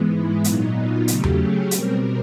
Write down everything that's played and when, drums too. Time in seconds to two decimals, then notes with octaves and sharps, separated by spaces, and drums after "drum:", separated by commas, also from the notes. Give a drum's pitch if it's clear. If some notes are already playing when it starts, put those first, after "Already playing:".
Already playing: G#2 E3 G#3 B3
0.13 E4
0.44 A#2 F#3 B3 D#4, drum: hi-hat
0.76 F4
1.08 C#3 F#3 A3 C#4 G4, drum: hi-hat
1.24 drum: tom E2
1.40 G#4
1.71 B2 G3 C4 A#4, drum: hi-hat